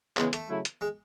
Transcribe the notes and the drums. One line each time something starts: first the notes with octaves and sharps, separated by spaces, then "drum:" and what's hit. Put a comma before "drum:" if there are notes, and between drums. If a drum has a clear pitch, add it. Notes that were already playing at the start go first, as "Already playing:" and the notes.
C#3 E3 G#3 B3, drum: clap
A3, drum: hi-hat
C#3 F#3 A3 E4
drum: hi-hat
G#3